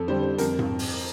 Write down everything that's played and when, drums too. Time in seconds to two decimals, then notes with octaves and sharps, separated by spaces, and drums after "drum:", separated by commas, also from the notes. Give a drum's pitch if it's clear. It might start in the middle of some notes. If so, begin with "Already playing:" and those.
Already playing: F2 A4
0.08 D3 G3 C5
0.23 C5
0.38 F2 A#4, drum: hi-hat
0.59 drum: tom G#2
0.79 drum: open hi-hat